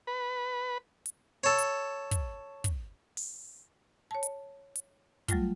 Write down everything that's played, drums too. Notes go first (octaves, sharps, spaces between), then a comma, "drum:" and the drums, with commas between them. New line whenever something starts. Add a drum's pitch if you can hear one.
B4
drum: hi-hat
A4 C#5
drum: hi-hat
drum: kick, hi-hat
drum: kick, hi-hat
drum: open hi-hat
C#5 A5
drum: hi-hat
drum: hi-hat
F#3 G3 A3 F4, drum: kick, hi-hat